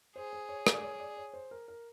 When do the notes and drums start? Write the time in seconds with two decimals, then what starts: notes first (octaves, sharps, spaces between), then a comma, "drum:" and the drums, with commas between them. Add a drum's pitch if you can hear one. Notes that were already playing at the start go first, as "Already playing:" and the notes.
0.16 G#4 C5
0.33 C5
0.49 C#5
0.67 D5, drum: rim click
0.78 D5
0.83 C#5
1.00 D5
1.17 C#5
1.34 C5
1.51 A#4
1.68 A#4